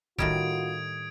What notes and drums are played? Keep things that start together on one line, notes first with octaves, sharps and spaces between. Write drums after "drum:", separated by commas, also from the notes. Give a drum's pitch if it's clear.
A2 D#3 G3 F4 F#4 D#6 G#6 D7, drum: kick